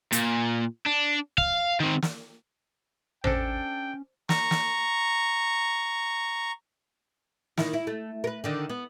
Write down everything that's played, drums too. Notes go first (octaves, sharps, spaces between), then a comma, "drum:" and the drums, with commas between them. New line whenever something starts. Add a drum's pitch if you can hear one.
A#2, drum: hi-hat
D4
F5, drum: kick
D#3 C4
drum: snare
C#4 D4 A4 C5 G5, drum: tom A1
A#5 C#6, drum: snare
drum: snare
D#3 E4, drum: snare
E4
A3
A#4 B4
D3 D#3 D4
B3